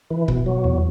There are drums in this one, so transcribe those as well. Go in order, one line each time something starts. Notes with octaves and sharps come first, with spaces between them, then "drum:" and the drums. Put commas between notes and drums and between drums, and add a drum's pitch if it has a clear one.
E3
B2, drum: kick C#1
F#3
E2